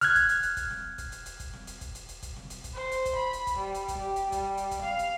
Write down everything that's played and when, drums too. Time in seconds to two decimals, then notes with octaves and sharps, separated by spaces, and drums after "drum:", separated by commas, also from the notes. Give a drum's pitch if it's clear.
0.01 F6 F#6 G#6, drum: hi-hat
0.15 drum: kick, hi-hat
0.29 drum: hi-hat
0.43 drum: hi-hat
0.57 drum: kick, hi-hat
0.71 drum: snare
0.98 drum: kick, hi-hat
1.12 drum: hi-hat
1.26 drum: hi-hat
1.40 drum: kick, hi-hat
1.53 drum: snare
1.67 drum: hi-hat
1.81 drum: kick, hi-hat
1.95 drum: hi-hat
2.09 drum: hi-hat
2.23 drum: kick, hi-hat
2.36 drum: snare
2.50 drum: hi-hat
2.64 drum: kick, hi-hat
2.74 C5
2.92 drum: hi-hat
3.05 drum: kick, hi-hat
3.16 B5
3.33 drum: hi-hat
3.47 drum: kick, hi-hat
3.57 G3
3.75 drum: hi-hat
3.88 drum: kick, hi-hat
3.98 G4
4.16 drum: hi-hat
4.32 G3, drum: kick, hi-hat
4.57 drum: hi-hat
4.71 drum: kick, hi-hat
4.82 F5, drum: snare
4.99 drum: hi-hat